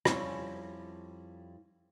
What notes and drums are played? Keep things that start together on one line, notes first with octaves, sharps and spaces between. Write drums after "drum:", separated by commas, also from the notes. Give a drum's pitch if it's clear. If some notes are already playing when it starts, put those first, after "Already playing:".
F2 G3 C4 C#4 E4 G#5, drum: rim click